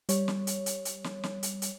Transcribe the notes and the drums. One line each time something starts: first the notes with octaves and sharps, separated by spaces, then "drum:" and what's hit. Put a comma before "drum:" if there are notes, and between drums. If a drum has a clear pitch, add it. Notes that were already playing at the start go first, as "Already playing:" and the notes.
G3 C#5, drum: hi-hat
drum: snare
drum: hi-hat
drum: hi-hat
drum: hi-hat
drum: snare
drum: snare
drum: hi-hat
drum: hi-hat